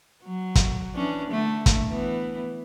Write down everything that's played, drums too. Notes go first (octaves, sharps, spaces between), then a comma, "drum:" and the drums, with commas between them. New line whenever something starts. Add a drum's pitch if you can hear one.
F#3
drum: kick, hi-hat
E3 C#4 D4
D3 A3
drum: kick, hi-hat
E3 B3